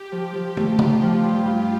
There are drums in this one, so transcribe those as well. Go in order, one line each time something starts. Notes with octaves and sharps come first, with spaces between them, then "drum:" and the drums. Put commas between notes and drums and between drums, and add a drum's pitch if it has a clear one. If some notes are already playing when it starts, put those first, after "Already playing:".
Already playing: G4
F3
F3
A3, drum: tom
D#4 F4, drum: tom
F3
G2
G2